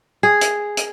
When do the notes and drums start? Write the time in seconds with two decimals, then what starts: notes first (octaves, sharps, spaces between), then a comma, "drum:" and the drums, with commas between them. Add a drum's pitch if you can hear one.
0.23 G#4
0.41 drum: hi-hat
0.77 drum: hi-hat